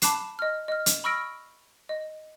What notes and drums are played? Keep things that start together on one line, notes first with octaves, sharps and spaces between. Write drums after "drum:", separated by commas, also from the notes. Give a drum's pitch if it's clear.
A5 B5 D6 F#6 C7 E7, drum: hi-hat
D#5 F6
D#5 F6
drum: hi-hat
B5 C#6 E6 F6 A#6 D7
D#5